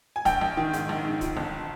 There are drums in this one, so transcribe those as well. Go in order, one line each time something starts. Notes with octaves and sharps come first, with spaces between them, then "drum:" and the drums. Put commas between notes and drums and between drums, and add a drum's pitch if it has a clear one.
G#5
A#1 G5, drum: kick, hi-hat
A#1
D#3
G#2, drum: hi-hat
A#1
G#2
F3, drum: kick, hi-hat
G1